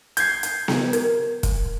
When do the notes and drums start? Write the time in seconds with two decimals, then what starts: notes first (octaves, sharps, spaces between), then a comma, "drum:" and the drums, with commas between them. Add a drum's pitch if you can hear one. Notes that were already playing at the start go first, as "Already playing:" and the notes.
0.17 G6 G#6 C7, drum: hi-hat
0.43 drum: hi-hat
0.68 drum: snare B3
0.93 A#4, drum: hi-hat
1.43 drum: kick, hi-hat